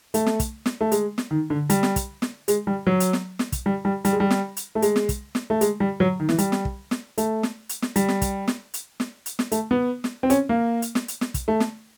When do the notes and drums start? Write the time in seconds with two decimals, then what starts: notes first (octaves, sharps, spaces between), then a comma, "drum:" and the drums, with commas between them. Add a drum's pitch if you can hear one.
0.14 A3, drum: hi-hat
0.26 drum: snare
0.40 drum: kick, hi-hat
0.66 drum: snare
0.81 A3
0.92 G#3, drum: hi-hat
1.18 drum: snare
1.31 D#3
1.50 D3
1.70 G3, drum: hi-hat
1.83 drum: snare
1.96 drum: kick, hi-hat
2.22 drum: snare
2.48 G#3, drum: hi-hat
2.67 G3
2.87 F#3
3.00 drum: hi-hat
3.13 drum: snare
3.39 drum: snare
3.52 drum: kick, hi-hat
3.66 G3
3.85 G3
4.05 G3, drum: hi-hat
4.13 G#3
4.20 G3
4.31 drum: snare
4.57 drum: hi-hat
4.75 A3
4.82 G#3, drum: hi-hat
4.96 drum: snare
5.09 drum: kick, hi-hat
5.35 drum: snare
5.50 A3
5.61 G#3, drum: hi-hat
5.80 G3
6.00 F#3
6.20 D#3
6.29 E3, drum: snare
6.38 G3, drum: hi-hat
6.52 drum: snare
6.65 drum: kick
6.91 drum: snare
7.18 A3, drum: hi-hat
7.43 drum: snare
7.69 drum: hi-hat
7.82 drum: snare
7.96 G3, drum: hi-hat
8.08 drum: snare
8.22 drum: kick, hi-hat
8.48 drum: snare
8.74 drum: hi-hat
9.00 drum: snare
9.26 drum: hi-hat
9.39 drum: snare
9.52 A3, drum: hi-hat
9.71 B3
10.04 drum: snare
10.23 C4
10.30 C#4, drum: hi-hat
10.49 A#3
10.82 drum: hi-hat
10.95 drum: snare
11.08 drum: hi-hat
11.21 drum: snare
11.34 drum: kick, hi-hat
11.48 A3
11.60 drum: snare